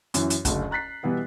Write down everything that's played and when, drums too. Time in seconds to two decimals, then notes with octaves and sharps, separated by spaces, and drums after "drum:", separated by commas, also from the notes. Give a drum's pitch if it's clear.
0.14 F#2 E3, drum: hi-hat
0.30 drum: hi-hat
0.45 F#1 D2, drum: kick, hi-hat
0.71 A#5 F#6 A6 B6 C7
1.03 B2 E3 G3 B3 E4